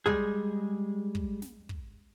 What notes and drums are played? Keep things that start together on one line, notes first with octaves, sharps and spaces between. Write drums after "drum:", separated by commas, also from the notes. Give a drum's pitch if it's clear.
G3 G#3 G#4, drum: kick
drum: kick
drum: snare
drum: kick